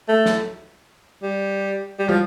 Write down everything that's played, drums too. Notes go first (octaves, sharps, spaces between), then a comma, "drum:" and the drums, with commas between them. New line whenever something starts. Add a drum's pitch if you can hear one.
A3
drum: snare
G3
G3
F3, drum: tom